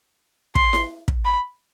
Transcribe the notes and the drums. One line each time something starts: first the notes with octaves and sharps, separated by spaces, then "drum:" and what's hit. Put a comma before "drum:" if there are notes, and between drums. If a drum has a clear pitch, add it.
C6, drum: kick
drum: snare E4
drum: kick
B5